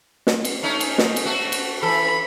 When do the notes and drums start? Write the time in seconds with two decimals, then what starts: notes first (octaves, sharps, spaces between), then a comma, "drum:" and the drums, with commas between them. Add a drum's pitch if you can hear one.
0.27 drum: snare
0.45 drum: cymbal
0.62 A3 C#4 D#4
0.80 drum: cymbal
0.98 drum: snare
1.16 drum: cymbal
1.25 A3 F#4
1.52 drum: cymbal
1.83 E3 A4 B5